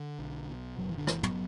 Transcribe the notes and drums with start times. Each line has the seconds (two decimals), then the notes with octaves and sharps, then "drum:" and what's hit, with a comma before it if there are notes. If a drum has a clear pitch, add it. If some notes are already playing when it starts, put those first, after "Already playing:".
Already playing: D3
0.19 B1
0.49 B2
0.78 F#1 F#3
0.89 E3
0.98 D3
1.07 F#1 E3, drum: rim click
1.23 F#3 B3, drum: tom